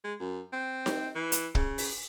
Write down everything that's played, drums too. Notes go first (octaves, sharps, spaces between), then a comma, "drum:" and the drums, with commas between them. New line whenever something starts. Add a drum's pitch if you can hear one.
G#3
F#2
C4
drum: snare D#4
E3
drum: hi-hat
C#3, drum: kick
drum: open hi-hat